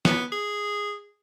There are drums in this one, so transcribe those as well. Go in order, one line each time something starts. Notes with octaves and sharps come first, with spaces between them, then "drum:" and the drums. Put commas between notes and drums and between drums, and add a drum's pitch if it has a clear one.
B3, drum: snare
G#4